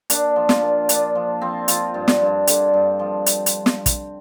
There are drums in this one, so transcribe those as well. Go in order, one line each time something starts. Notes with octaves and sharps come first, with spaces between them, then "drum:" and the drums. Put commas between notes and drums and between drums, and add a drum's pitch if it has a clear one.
A#2 D4, drum: hi-hat
F3
F4, drum: snare
A#2
A#2 D4, drum: hi-hat
F3
F3 C4
F3 F4, drum: hi-hat
G2
drum: snare
G2
D3, drum: hi-hat
G2
F3
drum: hi-hat
drum: hi-hat
drum: snare
drum: kick, hi-hat